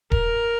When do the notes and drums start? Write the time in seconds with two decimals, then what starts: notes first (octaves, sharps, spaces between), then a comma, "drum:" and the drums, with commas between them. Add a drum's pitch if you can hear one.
0.12 A#4, drum: kick D#1